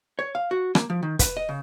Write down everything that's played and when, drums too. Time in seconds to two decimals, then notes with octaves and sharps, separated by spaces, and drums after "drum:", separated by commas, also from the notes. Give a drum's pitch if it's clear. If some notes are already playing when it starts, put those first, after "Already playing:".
0.19 C#5
0.35 F5
0.51 F#4
0.75 A#3, drum: rim click
0.90 F3
1.03 D#3
1.19 B4, drum: kick, hi-hat
1.37 D#5
1.49 C#3